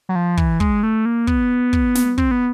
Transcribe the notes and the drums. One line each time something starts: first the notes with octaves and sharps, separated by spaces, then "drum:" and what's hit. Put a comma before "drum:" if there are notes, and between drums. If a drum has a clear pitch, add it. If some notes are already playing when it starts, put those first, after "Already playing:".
F#3
F3
E3, drum: kick
G#3, drum: kick
A3
A#3
B3, drum: kick
drum: kick
drum: snare
C4, drum: kick
B3